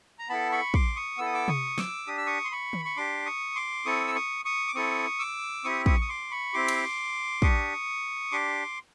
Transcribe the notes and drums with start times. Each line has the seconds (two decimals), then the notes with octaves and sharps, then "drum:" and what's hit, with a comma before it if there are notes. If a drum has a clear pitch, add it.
0.19 A#5
0.29 B3 E4 A4 A5 B5
0.52 B5 C#6
0.74 C6 D6, drum: kick
0.96 C#6 D#6
1.18 B3 E4 A4 E6
1.26 D#6
1.34 D6 E6
1.48 C#6 D#6, drum: tom C3
1.78 D6 E6, drum: snare
2.07 D4 G4 D#6
2.18 E6
2.26 C#6 D#6
2.45 C6
2.51 B5 C#6
2.73 drum: tom D#3
2.85 C#6
2.97 D4 G4 C6 D6
3.26 C#6 D#6
3.56 C6 D6
3.85 C4 E4 A4 C#6 D#6
4.07 E6
4.15 C#6 D#6
4.45 C#6 D#6
4.68 D6
4.75 C4 E4 A4 C#6 D#6
5.19 D6 E6
5.64 C4 E4 G4 C#6 D#6
5.86 C#6 D#6, drum: kick
6.01 D#6
6.09 C6 D6
6.31 B5 C#6
6.54 C4 E4 G4 C6 D6
6.69 drum: cymbal
7.42 D4 G4 C#6 D#6, drum: kick
8.31 D4 G4 C6 D6